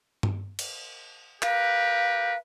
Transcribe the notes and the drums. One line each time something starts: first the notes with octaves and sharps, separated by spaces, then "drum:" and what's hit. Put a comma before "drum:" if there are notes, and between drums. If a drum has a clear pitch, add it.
drum: tom G2
drum: cymbal
G4 A#4 B4 F5, drum: clap